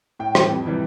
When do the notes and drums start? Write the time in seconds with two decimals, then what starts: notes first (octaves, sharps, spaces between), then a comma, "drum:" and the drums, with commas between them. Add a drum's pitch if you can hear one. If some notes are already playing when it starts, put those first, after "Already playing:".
0.19 A2 G5
0.35 E3 G3, drum: rim click
0.50 F2
0.65 C3 E3 G3